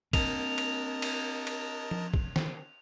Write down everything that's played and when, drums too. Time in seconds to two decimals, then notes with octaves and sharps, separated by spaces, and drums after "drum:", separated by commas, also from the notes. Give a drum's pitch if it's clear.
0.13 C4 D4 A#4 D#5 A5 F7, drum: kick, cymbal
0.58 drum: cymbal
1.02 drum: cymbal
1.47 drum: cymbal
1.91 drum: tom F3
2.14 drum: kick
2.36 drum: snare